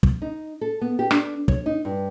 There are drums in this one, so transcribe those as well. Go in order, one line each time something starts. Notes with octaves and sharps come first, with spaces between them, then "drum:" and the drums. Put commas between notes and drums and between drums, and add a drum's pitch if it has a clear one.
drum: kick
D#4
A4
B3
G4
D4, drum: rim click
C#5, drum: kick
D#4
G2